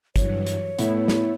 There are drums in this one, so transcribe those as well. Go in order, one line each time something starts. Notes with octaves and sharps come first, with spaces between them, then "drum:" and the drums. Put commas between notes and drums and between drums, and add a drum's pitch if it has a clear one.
G2 E3 F#3 C#5, drum: kick, hi-hat
drum: hi-hat
A2 A3 B3 E4, drum: hi-hat
drum: snare